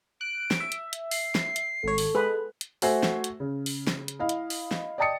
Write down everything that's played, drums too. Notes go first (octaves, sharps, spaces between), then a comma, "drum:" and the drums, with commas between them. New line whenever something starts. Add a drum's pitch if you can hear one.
F#6 D7
drum: snare
E5
drum: hi-hat
drum: hi-hat
C7, drum: open hi-hat
drum: snare
drum: hi-hat
G#1 A4 C#5
drum: open hi-hat
G#3 B4
drum: hi-hat
A3 F#4 C5 E5 G#5, drum: open hi-hat
drum: snare
drum: hi-hat
C#3
drum: open hi-hat
drum: snare
drum: hi-hat
E4 D#5 F5
drum: hi-hat
drum: open hi-hat
drum: snare
D5 D#5 G5 A5 D#6 C#7